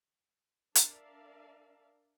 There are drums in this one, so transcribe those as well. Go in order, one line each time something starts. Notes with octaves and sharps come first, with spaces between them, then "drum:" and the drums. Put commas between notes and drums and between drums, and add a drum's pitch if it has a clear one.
D4 A#4 D5 E5 F5 A5, drum: hi-hat